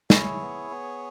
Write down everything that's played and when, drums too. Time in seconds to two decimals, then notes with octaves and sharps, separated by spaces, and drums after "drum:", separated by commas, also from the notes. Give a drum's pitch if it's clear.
0.10 E4 G#4 C#5, drum: snare
0.41 B3
0.71 B3